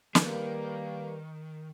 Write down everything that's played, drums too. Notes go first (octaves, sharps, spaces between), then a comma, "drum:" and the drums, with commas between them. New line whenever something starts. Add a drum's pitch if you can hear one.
D#3 G3 A#3 B4, drum: snare